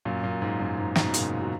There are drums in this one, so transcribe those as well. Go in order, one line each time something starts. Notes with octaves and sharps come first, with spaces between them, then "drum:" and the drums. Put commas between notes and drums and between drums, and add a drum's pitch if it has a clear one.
F#2 A#2
F#2 A#2
G#2
F#2
G#2
G#2 B2, drum: snare
A#2 C#3, drum: hi-hat
F#3